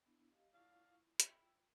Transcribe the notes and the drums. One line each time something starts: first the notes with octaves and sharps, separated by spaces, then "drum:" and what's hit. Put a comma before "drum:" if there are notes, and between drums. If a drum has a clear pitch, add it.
B3 D4 E4
G4 D#5 F5
A2 D4 E4 F4 F5 C#6
E4 F4 G5 B5, drum: hi-hat